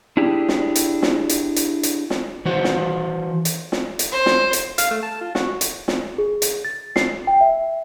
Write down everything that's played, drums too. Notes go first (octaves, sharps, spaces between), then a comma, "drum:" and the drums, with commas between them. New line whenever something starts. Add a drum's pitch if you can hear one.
D4 E4 G4 G#4
drum: snare
drum: hi-hat
drum: snare
drum: hi-hat
drum: hi-hat
drum: hi-hat
drum: snare
E3 F#4 C5
drum: snare
drum: hi-hat
drum: snare
drum: hi-hat
C5
drum: snare
drum: hi-hat
F5, drum: hi-hat
A3
A5
F4
F#4, drum: snare
drum: hi-hat
drum: snare
G#4
drum: hi-hat
A6
C7, drum: snare
G5
E5